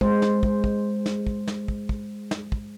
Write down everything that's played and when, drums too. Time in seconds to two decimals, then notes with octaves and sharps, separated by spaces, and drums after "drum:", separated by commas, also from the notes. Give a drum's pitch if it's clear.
0.01 G#3 C5, drum: kick
0.22 drum: snare
0.43 drum: kick
0.64 drum: kick
1.06 drum: snare
1.27 drum: kick
1.47 drum: snare
1.68 drum: kick
1.89 drum: kick
2.31 drum: snare
2.52 drum: kick